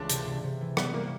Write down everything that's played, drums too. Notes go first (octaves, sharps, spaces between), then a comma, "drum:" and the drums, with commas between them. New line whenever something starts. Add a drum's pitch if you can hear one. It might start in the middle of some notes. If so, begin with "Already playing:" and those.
Already playing: C#2 E3 A3 D4
C3, drum: hi-hat
C3
C3
E3
G3 B3, drum: rim click
G3 A#3